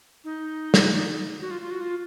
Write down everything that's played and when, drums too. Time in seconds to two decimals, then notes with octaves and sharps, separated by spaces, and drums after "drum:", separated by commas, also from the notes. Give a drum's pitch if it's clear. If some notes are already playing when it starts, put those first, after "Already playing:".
0.24 D#4
0.74 drum: snare
1.41 F#4
1.51 F4
1.61 F4
1.70 F#4
1.81 F4